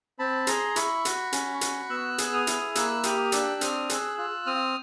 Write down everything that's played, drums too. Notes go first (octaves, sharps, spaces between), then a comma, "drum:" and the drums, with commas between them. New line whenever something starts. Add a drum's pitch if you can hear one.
C4 A5 B5
G#4 A#5 C6, drum: hi-hat
E4 B5 C#6, drum: hi-hat
F#4, drum: hi-hat
C#4, drum: hi-hat
F#4, drum: hi-hat
B3 E6 F#6
G#4, drum: hi-hat
D#6 F6
E4, drum: hi-hat
A#3 E6 F#6, drum: hi-hat
G4 D#6 F6, drum: hi-hat
D4 E6 F#6, drum: hi-hat
C4 D#6 F6, drum: hi-hat
G#4 E6 F#6, drum: hi-hat
F4 E6 F#6
C4 D#6 F6